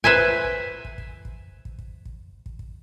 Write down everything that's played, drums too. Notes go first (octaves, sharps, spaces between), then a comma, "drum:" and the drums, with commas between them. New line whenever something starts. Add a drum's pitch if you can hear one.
B4 C5 E5 G#5, drum: kick
drum: kick
drum: kick
drum: kick
drum: kick
drum: kick
drum: kick
drum: kick
drum: kick
drum: kick
drum: kick